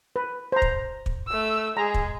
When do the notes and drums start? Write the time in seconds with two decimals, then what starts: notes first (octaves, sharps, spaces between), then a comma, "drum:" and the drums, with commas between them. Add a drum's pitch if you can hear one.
0.16 B4
0.52 C5 A#5
0.62 drum: kick
1.06 drum: kick
1.28 A3 E6
1.77 G#3 G#4 A#5
1.94 drum: kick